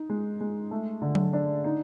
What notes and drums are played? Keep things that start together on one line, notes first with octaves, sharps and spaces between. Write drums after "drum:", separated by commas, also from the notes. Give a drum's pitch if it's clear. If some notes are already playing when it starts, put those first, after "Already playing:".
Already playing: D#4
G#3
G#3
A3
D3
drum: tom F#3
D4
D#4